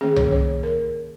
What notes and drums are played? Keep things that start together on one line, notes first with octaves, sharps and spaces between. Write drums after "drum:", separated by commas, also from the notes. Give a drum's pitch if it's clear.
D#3 A#3 C#4 G#4
C#5, drum: tom C2
C#5
A#4